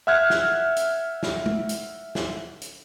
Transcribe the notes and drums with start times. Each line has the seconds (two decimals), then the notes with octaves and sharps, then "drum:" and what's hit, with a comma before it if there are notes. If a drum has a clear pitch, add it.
0.07 E5 F#5 F6 F#6 G#6
0.30 drum: snare
0.76 drum: hi-hat
1.23 drum: snare
1.46 drum: tom
1.69 drum: hi-hat
2.15 drum: snare
2.61 drum: hi-hat